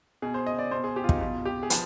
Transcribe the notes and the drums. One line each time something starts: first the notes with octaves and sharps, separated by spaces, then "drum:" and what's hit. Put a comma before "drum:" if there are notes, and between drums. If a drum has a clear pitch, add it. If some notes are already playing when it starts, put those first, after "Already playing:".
B2 G#4
C5
D#5
D5
B2 C5
G#4
G4
F4
D#4, drum: kick
B2 F4
G4
G#4
F3 B4, drum: hi-hat